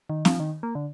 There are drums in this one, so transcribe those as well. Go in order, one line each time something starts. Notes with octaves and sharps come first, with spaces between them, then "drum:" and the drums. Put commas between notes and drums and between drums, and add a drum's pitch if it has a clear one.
D#3
F3, drum: snare
D#3
A#3
D3